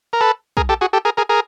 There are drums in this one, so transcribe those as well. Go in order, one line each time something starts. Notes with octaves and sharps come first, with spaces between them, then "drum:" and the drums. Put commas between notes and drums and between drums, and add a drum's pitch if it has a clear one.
A#4
A4 B4
G#4 A#4, drum: kick
G4 A4
F#4 G#4
G4 A4
G#4 A#4
G#4 A#4
G#4 A#4